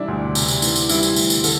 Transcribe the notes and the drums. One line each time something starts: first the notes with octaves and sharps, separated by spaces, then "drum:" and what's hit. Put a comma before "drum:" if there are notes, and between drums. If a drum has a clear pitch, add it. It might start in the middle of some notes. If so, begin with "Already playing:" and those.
Already playing: C3 E3 G3 D4 E4
D2
C3, drum: tambourine
drum: tambourine
E3, drum: tambourine
drum: tambourine
G3 E4, drum: tambourine
drum: tambourine
D2, drum: tambourine
drum: tambourine
D3 A4, drum: tambourine